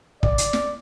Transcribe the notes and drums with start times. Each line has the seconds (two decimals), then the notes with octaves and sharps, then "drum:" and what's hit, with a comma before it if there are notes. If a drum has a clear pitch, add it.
0.23 D5, drum: kick
0.38 drum: hi-hat
0.53 drum: snare